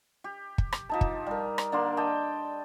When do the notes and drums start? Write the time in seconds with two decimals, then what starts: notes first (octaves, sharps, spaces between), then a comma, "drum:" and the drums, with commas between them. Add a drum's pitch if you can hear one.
0.24 G4
0.58 drum: kick
0.72 drum: rim click
0.89 F3 D#4 A5
1.01 drum: kick
1.26 G3 A#4
1.58 drum: rim click
1.72 D3 A#3 D5 C6
1.97 D#5 G5 A5 D6